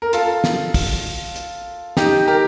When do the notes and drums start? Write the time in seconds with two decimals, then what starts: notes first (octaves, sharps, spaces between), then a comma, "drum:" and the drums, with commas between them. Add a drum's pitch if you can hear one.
0.02 A#4
0.13 F4 A4, drum: hi-hat
0.44 drum: snare
0.74 drum: kick, open hi-hat
1.36 drum: hi-hat
1.97 D#4 G4, drum: snare
2.27 G4 A#4